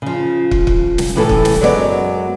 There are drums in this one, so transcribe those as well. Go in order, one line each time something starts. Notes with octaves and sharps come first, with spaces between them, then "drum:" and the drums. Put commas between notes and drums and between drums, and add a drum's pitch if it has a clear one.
C#3 F3
drum: kick
drum: kick
drum: snare
A2 C3 E3 A3 G#4 A4
drum: kick
drum: snare
F#2 F#3 G#3 B3 G#4 D5